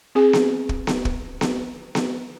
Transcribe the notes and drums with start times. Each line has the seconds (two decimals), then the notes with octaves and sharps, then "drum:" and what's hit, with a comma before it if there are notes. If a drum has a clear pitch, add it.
0.15 C4 G#4 G#5
0.33 drum: snare B3
0.69 drum: kick
0.87 drum: snare B3
1.05 drum: kick
1.41 drum: snare B3
1.95 drum: snare B3